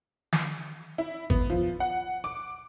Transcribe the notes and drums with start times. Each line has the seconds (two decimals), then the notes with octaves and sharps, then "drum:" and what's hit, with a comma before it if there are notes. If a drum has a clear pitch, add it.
0.33 drum: snare
0.98 E4
1.30 B3, drum: kick G#1
1.50 F3
1.80 F#5
2.24 D6